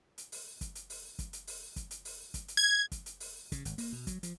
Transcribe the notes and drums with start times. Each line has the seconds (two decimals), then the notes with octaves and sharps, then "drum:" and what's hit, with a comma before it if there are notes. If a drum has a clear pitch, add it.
0.18 drum: hi-hat
0.32 drum: open hi-hat
0.61 drum: kick, hi-hat
0.75 drum: hi-hat
0.90 drum: open hi-hat
1.19 drum: kick, hi-hat
1.33 drum: hi-hat
1.47 drum: open hi-hat
1.76 drum: kick, hi-hat
1.91 drum: hi-hat
2.05 drum: open hi-hat
2.34 drum: kick, hi-hat
2.48 drum: hi-hat
2.57 G#6
2.92 drum: kick, hi-hat
3.06 drum: hi-hat
3.20 drum: open hi-hat
3.52 C#3, drum: kick, hi-hat
3.65 G#1, drum: hi-hat
3.78 A#3, drum: open hi-hat
3.93 B2
4.07 F#3, drum: kick, hi-hat
4.23 F3, drum: hi-hat